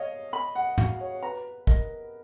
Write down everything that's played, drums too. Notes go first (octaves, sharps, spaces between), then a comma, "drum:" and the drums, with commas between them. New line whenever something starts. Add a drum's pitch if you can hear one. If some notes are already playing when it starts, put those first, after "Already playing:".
Already playing: C#5 D#5 F5
B5
F#5
F#4 F5, drum: tom
C#5
B4 A#5
A#4 D#5, drum: kick